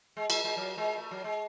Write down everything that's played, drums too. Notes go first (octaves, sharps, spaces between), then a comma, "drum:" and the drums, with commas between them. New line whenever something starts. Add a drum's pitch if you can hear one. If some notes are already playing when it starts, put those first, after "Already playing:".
G#3
G#3, drum: cymbal
G#3
F#3
G#3
A3
F#3
G#3